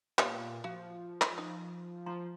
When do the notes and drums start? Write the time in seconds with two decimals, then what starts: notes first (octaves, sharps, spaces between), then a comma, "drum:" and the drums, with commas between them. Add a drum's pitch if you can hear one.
0.19 A#2 G3 B3 C#5 F5, drum: clap
0.64 F3 F#4 F5
1.21 drum: clap
1.38 D#4
2.06 F3 A#5 C6